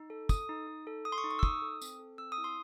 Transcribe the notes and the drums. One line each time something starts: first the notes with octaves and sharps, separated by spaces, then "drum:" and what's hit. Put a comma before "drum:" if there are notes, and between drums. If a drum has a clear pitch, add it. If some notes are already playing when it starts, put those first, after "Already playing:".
Already playing: D#4
A4
A4 D#6, drum: kick, tambourine
D#4
D#4
A4
A4 D#6
C6
C#6
D#4
C#6
E6
D#4 D#6, drum: kick
A4
C4, drum: tambourine
A4
C4 E6
D#6
E4
C6